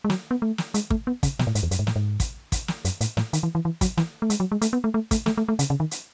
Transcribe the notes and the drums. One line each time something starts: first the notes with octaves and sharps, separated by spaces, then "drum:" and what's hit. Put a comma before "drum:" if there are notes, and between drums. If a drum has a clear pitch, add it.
G#3
F#3, drum: snare
B3
A3
drum: snare
G#3, drum: hi-hat
A3, drum: kick
B3
C#3, drum: kick, hi-hat
B2, drum: snare
A2
G#2, drum: hi-hat
E2
F#2, drum: hi-hat
G#2
A2, drum: snare
G#2
drum: kick, hi-hat
drum: kick, hi-hat
drum: snare
F#2, drum: hi-hat
A2, drum: hi-hat
A2, drum: snare
D#3, drum: hi-hat
E3
E3
E3
F#3, drum: kick, hi-hat
E3, drum: snare
A3
G#3, drum: hi-hat
F#3
G#3
A3, drum: hi-hat
B3
A3
A3
A3, drum: kick, hi-hat
A3, drum: snare
A3
A3
C#3, drum: hi-hat
C#3
D#3
drum: hi-hat